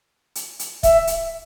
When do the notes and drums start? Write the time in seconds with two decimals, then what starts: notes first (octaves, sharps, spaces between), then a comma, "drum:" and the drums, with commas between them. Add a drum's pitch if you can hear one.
0.35 drum: hi-hat
0.59 drum: hi-hat
0.83 E5, drum: kick, hi-hat
1.07 drum: hi-hat